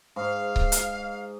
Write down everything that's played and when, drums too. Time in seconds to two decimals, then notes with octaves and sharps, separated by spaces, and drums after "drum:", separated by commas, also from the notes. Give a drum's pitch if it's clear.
0.16 G#2 F5
0.56 drum: kick C#1
0.72 drum: hi-hat